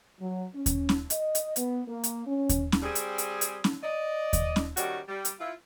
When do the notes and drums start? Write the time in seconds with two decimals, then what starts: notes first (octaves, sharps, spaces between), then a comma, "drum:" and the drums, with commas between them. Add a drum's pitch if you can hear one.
0.19 F#3
0.54 C#4
0.66 drum: kick D#2, hi-hat
0.89 drum: snare
1.10 D#5, drum: hi-hat
1.35 drum: hi-hat
1.56 B3, drum: hi-hat
1.88 A#3
2.04 drum: hi-hat
2.26 C#4
2.49 drum: kick D#2, hi-hat
2.72 drum: snare
2.83 G3 C4 G#4
2.95 drum: hi-hat
3.18 drum: hi-hat
3.41 drum: hi-hat
3.64 drum: snare
3.83 D5 D#5
4.33 drum: kick D#2, hi-hat
4.56 drum: snare
4.77 D#3 G3 C#4 F#4 G4, drum: hi-hat
5.09 G3
5.25 drum: hi-hat
5.40 E4 F4